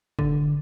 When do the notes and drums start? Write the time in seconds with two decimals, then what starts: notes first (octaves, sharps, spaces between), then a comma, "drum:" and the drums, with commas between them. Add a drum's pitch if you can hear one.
0.19 D3, drum: kick